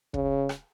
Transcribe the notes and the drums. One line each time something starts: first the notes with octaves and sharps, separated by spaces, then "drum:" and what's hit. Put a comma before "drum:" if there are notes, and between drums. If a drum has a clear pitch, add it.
C#3, drum: kick
drum: rim click